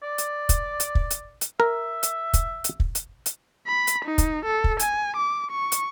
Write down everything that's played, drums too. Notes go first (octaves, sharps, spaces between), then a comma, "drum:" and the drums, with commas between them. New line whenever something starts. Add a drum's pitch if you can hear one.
D5
drum: hi-hat
drum: kick, hi-hat
drum: hi-hat
drum: kick
drum: hi-hat
drum: hi-hat
A#4 E5
drum: hi-hat
drum: kick, hi-hat
drum: hi-hat
drum: kick
drum: hi-hat
drum: hi-hat
B5
drum: hi-hat
D#4
drum: kick, hi-hat
A4
drum: kick
G#5, drum: hi-hat
D6
C#6
drum: hi-hat